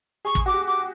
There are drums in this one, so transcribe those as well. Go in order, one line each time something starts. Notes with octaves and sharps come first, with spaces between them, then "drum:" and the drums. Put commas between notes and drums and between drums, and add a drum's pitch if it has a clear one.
G#4 C#6
drum: kick
F#4 D6
G4
D6